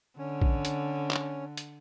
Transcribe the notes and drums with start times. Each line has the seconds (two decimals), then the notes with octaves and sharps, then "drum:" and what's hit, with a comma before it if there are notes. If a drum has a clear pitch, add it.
0.18 D3 C#4
0.42 drum: kick
0.65 drum: hi-hat
1.11 drum: clap
1.57 drum: hi-hat